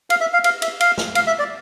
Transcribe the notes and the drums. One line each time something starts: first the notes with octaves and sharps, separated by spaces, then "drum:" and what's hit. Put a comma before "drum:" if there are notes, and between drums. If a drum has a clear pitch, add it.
F5, drum: cymbal
E5
F5
F5, drum: cymbal
E5, drum: cymbal
F5, drum: cymbal
drum: snare
F5, drum: cymbal
E5
D5